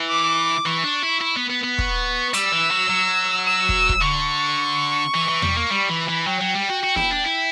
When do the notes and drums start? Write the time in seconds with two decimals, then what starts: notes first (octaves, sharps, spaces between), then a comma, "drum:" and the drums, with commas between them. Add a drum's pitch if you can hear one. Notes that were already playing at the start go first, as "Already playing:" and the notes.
Already playing: E3
0.10 D6
0.65 E3 C#6
0.84 D4
1.03 E4
1.21 E4
1.36 B3
1.50 B3
1.64 B3
1.78 C#6, drum: kick
2.33 G3 E6, drum: hi-hat
2.52 E3
2.71 F#3
2.89 F#3
3.47 E6
3.69 drum: kick
3.89 drum: kick
4.02 D3 C#6
5.15 E3
5.28 E3
5.42 G3, drum: tom E2
5.57 A#3
5.71 G3 B5
5.89 E3
6.08 E3
6.26 F#3 G5
6.40 F#3
6.55 G3
6.69 F#4
6.83 F#4
6.96 E4, drum: snare
7.11 D4
7.24 E4